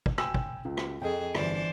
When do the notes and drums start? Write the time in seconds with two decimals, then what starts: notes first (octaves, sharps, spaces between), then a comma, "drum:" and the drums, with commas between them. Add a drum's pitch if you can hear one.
0.06 drum: kick
0.18 G5 G#5 E6, drum: rim click
0.34 drum: kick
0.65 C#2
0.77 drum: rim click
1.02 F2 G#4 A4 D#5 G5
1.35 G1 E3 C5 D5, drum: rim click